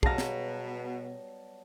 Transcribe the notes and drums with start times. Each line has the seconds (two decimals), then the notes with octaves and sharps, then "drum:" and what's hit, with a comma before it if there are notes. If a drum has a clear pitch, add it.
0.03 B2 F#3 G3 B3 G#4 F5 A5 A#6, drum: kick
0.18 drum: snare